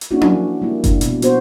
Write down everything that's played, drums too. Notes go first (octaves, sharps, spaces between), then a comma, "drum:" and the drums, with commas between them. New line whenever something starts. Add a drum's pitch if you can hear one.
drum: hi-hat
A#3 C#4 D4 E4 F#4
drum: tom C#4
F3
G3 A#3 E4
D4 E4, drum: kick F#1, hi-hat
B2, drum: hi-hat
B3 F#4 C5, drum: hi-hat